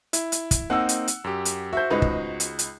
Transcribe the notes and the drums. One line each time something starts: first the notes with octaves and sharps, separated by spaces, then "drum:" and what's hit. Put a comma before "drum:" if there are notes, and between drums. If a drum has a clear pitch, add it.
E4, drum: hi-hat
drum: hi-hat
drum: kick, hi-hat
A#3 C4 D#4 F#5 E6
drum: hi-hat
drum: hi-hat
F#2 G4
drum: hi-hat
F#4 C5 E5 G6
C#2 D#4 B4
drum: kick
drum: hi-hat
drum: hi-hat